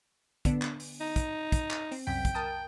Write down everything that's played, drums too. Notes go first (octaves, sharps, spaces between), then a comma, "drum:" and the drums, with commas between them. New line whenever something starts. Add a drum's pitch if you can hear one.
D3 B3 D4, drum: kick, hi-hat
drum: clap
drum: open hi-hat
D#4
drum: kick, hi-hat
drum: kick, hi-hat
drum: clap
C4, drum: open hi-hat
C2 F#2 G5 B6
drum: kick, hi-hat
A#4 A5 D#6